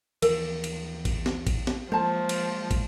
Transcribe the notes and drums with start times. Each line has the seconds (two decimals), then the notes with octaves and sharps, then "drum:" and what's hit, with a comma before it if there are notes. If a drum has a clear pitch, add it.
0.22 D#2 E3 F3 A#4, drum: cymbal
0.64 drum: cymbal
1.05 drum: kick, cymbal
1.26 drum: snare
1.47 drum: kick, cymbal
1.67 drum: snare
1.92 F3 G#3 A#3 C5 A5
2.29 drum: cymbal
2.71 drum: kick, cymbal